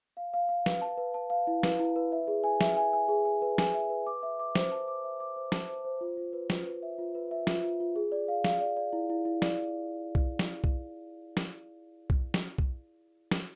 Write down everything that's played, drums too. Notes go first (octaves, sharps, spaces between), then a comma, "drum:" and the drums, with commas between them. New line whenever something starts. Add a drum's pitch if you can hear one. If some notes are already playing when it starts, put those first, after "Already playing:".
F5
F5
F5
B4, drum: snare
A5
B4
A5
F5
E4
B4, drum: snare
E4
B4
E5
G#4
G#5
E5, drum: snare
G#5
G#5
G#4
G#5
B4
G#5, drum: snare
E5
B4
D6
E5
D6
C5, drum: snare
A5
D6
E5
D6
C5
A5, drum: snare
C5
C5
F4
F4
B4
F4, drum: snare
B4
E5
F4
B4
E5
F4, drum: snare
F4
F4
G#4
D5
F5
F5, drum: snare
D5
D5
E4
E4
E4
D5, drum: snare
drum: kick B1
drum: snare
drum: kick B1
drum: snare
drum: kick B1
drum: snare
drum: kick B1
drum: snare